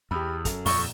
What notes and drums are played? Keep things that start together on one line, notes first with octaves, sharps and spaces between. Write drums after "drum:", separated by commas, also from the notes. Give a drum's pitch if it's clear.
E2 G4 B5
F#2 A4 F7, drum: kick, hi-hat
D#1 F2 C#6 G7, drum: open hi-hat